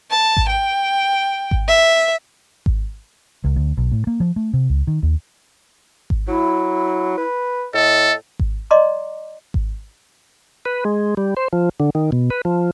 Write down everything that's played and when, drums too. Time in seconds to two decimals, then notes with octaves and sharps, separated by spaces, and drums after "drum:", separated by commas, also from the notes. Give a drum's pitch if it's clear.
0.11 A5
0.37 drum: kick G#1
0.49 G5
1.51 drum: kick G#1
1.68 E5
2.66 drum: kick G#1
3.44 C#2
3.56 D2
3.77 B1
3.92 A2
4.07 A#3
4.20 F3
4.36 A3
4.53 C3
4.70 C#2
4.87 D#3
5.03 D#2
6.10 drum: kick G#1
6.28 F#3 E4
7.18 B4
7.74 A2 A4 D#5
8.39 drum: kick G#1
8.71 D5 D#5 A#5 C6 D6
9.54 drum: kick G#1
10.65 B4
10.85 G#3
11.17 G3
11.37 C5
11.53 F3
11.80 D3
11.95 D#3
12.12 B2
12.30 B4
12.45 F3